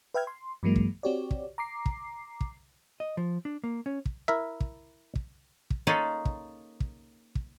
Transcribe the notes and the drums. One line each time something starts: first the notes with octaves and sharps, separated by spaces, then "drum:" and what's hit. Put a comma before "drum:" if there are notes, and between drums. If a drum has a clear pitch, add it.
B4 E5 G5 F6 G#6
C6
G2 E3 F#3 G#3 A#3
drum: kick
C4 F#4 G4 C#5 D5
drum: kick
A#5 D6 C7
drum: kick
drum: kick
D#5
F3
D4
A#3
C#4
drum: kick
E4 A#4 E5
drum: kick
drum: kick
drum: kick
A#3 C#4 D#4 F4 G#4 A4
drum: kick
drum: kick
drum: kick